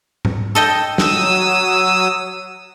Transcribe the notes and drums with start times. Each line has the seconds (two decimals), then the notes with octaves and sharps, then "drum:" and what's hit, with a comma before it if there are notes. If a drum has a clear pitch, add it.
0.25 drum: tom G#2
0.55 A4 D#5 G5
0.98 F#3 D#6 E6, drum: snare